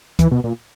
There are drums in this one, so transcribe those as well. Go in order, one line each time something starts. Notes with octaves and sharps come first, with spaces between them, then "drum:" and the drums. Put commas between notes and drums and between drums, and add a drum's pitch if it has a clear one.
E3, drum: kick, hi-hat
B2
A#2